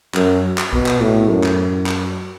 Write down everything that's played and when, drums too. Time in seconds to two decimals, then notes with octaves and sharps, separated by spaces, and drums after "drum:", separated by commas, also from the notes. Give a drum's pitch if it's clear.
0.14 F#2, drum: clap
0.58 drum: clap
0.73 B2, drum: kick B1
0.86 drum: clap
1.01 A2
1.29 F#2
1.44 drum: clap
1.87 drum: clap